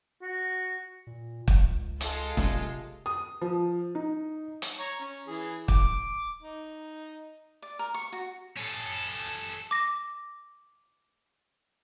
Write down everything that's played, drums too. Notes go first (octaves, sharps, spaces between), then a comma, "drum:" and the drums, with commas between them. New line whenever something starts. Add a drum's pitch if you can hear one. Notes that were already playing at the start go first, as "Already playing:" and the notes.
F#4
A#2
C#2, drum: kick
G#3 F4 A4, drum: hi-hat
C3, drum: snare
D#6
F3
D#4
drum: hi-hat
C#5 A#5
C#4
E3 G#4
D6, drum: kick
D#4
D5
A#4
C#6
F#4
C#4 A4
D6 A#6